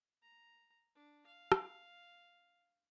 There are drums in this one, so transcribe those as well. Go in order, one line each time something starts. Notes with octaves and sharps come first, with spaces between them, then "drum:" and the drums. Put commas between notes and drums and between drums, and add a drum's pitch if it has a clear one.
A#5
D4
F5
drum: rim click